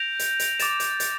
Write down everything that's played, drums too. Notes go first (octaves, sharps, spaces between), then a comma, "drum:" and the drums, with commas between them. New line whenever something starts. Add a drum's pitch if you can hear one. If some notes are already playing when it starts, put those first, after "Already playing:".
Already playing: G6 A#6 D7 F7
drum: hi-hat
drum: hi-hat
D6 A6 E7, drum: hi-hat
drum: hi-hat
drum: hi-hat